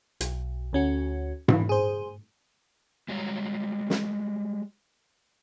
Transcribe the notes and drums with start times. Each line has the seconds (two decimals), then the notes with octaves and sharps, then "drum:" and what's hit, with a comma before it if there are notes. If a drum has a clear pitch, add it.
0.21 B1, drum: hi-hat
0.73 D2 C#4 F#4
1.48 E3, drum: tom G#2
1.69 G#4 C5
3.08 G3 G#3 F#4 C#5 F5 A#5
3.90 drum: snare